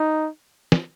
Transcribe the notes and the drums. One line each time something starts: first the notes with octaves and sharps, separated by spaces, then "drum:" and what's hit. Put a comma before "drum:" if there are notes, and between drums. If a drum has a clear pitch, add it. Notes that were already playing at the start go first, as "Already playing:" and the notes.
Already playing: D#4
drum: snare